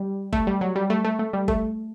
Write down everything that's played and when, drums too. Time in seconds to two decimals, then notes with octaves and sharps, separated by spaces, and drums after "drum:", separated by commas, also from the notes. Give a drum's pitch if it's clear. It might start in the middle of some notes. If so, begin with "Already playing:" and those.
Already playing: G3
0.33 A3, drum: kick G1
0.47 G3
0.61 F#3
0.76 G3
0.90 A3
1.05 A3
1.19 A3
1.33 G3
1.48 A3, drum: kick G1